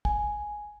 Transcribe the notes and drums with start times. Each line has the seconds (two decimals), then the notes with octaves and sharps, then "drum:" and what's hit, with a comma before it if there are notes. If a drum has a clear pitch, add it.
0.05 G#5, drum: kick